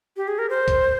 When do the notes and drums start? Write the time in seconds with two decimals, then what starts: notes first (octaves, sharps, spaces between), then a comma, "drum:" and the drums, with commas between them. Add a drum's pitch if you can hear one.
0.17 G4
0.28 G#4
0.38 A#4
0.50 C5
0.68 drum: kick, hi-hat